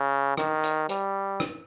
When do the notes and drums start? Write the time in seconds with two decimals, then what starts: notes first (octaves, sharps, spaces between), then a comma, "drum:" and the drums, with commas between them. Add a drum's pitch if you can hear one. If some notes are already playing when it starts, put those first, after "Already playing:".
Already playing: C#3
0.37 D#3, drum: rim click
0.63 drum: hi-hat
0.89 G3, drum: hi-hat
1.40 drum: rim click